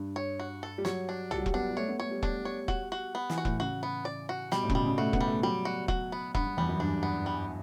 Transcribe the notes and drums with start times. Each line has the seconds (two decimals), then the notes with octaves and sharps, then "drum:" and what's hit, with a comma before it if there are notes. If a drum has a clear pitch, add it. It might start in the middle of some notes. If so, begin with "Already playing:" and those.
Already playing: G2
0.16 C#5
0.39 F#4
0.63 A4
0.78 G3
0.85 F#3 C#5, drum: snare
1.09 D4
1.31 G3 A4, drum: tom B1
1.38 F#3
1.46 G3, drum: kick E1
1.54 B3 D4
1.71 G3
1.77 A3 C#5
1.88 B3
2.00 A3 C#5
2.11 G3
2.23 G3 D4, drum: kick E1
2.45 C#5
2.68 F#4, drum: kick E1
2.92 F#4
3.15 B3
3.30 E3, drum: snare
3.38 F#4
3.45 A2, drum: kick E1
3.60 C#3 F#4
3.83 B3
4.05 D5
4.29 F#4
4.52 B2 G3, drum: snare
4.63 A2
4.70 C#3, drum: kick E1
4.74 B2 G3
4.86 C#3
4.98 A3 F#4
5.13 B3, drum: kick E1
5.21 G3
5.28 A3
5.43 F#3 G3
5.65 F#4
5.88 F#4, drum: kick E1
6.12 B3
6.35 G2 B3, drum: kick E1
6.46 G2
6.57 E2 G3
6.69 F#2
6.80 G2 D4
7.03 B3
7.26 G3